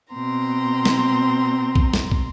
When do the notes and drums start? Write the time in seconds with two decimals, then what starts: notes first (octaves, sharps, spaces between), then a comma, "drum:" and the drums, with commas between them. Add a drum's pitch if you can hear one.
0.13 B2 C4 A#5 C6
0.85 drum: snare
1.75 drum: kick
1.93 drum: snare
2.11 drum: kick